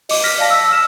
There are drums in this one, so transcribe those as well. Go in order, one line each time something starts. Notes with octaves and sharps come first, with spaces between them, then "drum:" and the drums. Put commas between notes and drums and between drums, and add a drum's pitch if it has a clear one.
D#5 D6, drum: open hi-hat
F6 A#6 B6
D5 F5 A5 A#6
E6 B6
E6 F6 E7